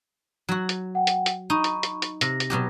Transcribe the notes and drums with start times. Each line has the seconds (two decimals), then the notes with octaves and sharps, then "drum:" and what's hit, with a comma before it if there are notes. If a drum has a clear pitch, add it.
0.49 F#3 F#4
0.69 drum: hi-hat
0.95 F#5 G5
1.07 drum: hi-hat
1.26 drum: hi-hat
1.50 D#4 B5 C#6
1.64 drum: hi-hat
1.83 drum: hi-hat
2.02 drum: hi-hat
2.21 C3 A#6, drum: hi-hat
2.40 drum: hi-hat
2.50 B2 F#3 G4